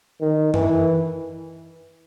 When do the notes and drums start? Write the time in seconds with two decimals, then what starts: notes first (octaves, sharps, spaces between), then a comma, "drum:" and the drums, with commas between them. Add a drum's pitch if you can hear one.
0.21 D#3
0.54 E3, drum: tom F#2